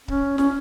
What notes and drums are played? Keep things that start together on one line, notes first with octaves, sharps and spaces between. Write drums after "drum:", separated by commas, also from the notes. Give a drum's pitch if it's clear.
C#4, drum: kick C#1
C#4, drum: snare